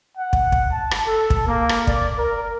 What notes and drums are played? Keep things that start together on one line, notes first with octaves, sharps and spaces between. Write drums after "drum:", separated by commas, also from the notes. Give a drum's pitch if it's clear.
F#5
drum: kick
drum: kick
A5
drum: rim click
A4
drum: kick
A#3
drum: rim click
D5, drum: kick
A#4